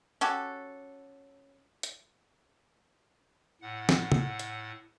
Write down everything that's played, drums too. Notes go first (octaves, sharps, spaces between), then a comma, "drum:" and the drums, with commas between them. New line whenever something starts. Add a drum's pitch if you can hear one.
C#4 F#4 G4 A4
drum: hi-hat
A2 F#5
drum: snare
drum: tom C3
drum: hi-hat